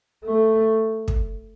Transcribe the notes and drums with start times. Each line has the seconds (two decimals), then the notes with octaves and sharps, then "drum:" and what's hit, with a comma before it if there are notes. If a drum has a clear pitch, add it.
0.24 A3
1.08 drum: kick